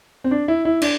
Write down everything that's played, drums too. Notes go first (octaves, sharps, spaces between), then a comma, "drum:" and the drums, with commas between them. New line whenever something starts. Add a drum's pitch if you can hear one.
C4
D4
E4
E4
D4, drum: cymbal